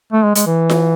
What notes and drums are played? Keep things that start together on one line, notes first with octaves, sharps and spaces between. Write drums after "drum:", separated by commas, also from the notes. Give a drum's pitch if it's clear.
A3
G#3
G#3, drum: hi-hat
E3
drum: snare F4